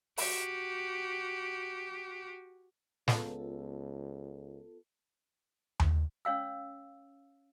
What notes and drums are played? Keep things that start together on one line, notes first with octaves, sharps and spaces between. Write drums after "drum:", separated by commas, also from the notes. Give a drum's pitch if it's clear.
F#4 G4, drum: open hi-hat
C#2 B3 F4 A4, drum: snare
drum: tom D#2
C#4 C#5 F5 E6